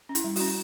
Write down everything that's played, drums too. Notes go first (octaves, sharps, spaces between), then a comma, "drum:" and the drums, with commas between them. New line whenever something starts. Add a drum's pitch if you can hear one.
C#4
E4, drum: hi-hat
G3
C#4 F#4, drum: open hi-hat